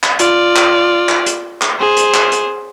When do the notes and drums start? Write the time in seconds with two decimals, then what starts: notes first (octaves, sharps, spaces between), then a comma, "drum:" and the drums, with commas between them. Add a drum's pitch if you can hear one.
0.03 drum: clap
0.19 F4 D5, drum: hi-hat
0.56 drum: clap
1.09 drum: clap
1.26 drum: hi-hat
1.62 drum: clap
1.79 G#4 C5
1.97 drum: hi-hat
2.14 drum: clap
2.32 drum: hi-hat